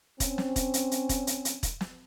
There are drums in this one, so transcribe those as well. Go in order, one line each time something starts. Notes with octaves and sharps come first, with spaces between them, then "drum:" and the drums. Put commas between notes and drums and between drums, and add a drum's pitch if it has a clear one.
C4 C#4, drum: kick E1, hi-hat
drum: snare
drum: kick E1, hi-hat
drum: hi-hat
drum: hi-hat
drum: kick E1, hi-hat
drum: hi-hat
drum: hi-hat
drum: kick E1, hi-hat
drum: snare